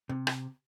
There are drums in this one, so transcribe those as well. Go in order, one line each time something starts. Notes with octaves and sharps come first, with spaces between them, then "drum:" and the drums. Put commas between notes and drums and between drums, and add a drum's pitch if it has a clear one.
C3
drum: rim click